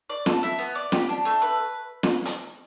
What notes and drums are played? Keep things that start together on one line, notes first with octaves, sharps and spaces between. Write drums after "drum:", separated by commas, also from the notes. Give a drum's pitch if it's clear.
D5
A4, drum: snare
E4
B3
D5
G4, drum: snare
D4
A3
B4
drum: snare
drum: hi-hat